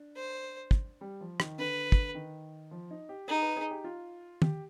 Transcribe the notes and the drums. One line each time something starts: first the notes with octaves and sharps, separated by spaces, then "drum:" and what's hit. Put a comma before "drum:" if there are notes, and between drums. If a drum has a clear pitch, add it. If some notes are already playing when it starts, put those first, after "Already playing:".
Already playing: D4
C5
drum: kick
G3
F3
D#3, drum: rim click
D3 B4
drum: kick
D#3
F3
D#4
G4
D#4 G#4
B4
G#4
G4
F4
G4, drum: tom